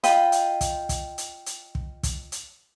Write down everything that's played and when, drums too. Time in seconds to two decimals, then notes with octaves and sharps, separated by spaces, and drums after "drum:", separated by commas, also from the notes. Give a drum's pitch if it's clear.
0.04 F4 D#5 G5 B5, drum: hi-hat
0.32 drum: hi-hat
0.61 drum: kick, hi-hat
0.89 drum: kick, hi-hat
1.18 drum: hi-hat
1.46 drum: hi-hat
1.75 drum: kick
2.03 drum: kick, hi-hat
2.32 drum: hi-hat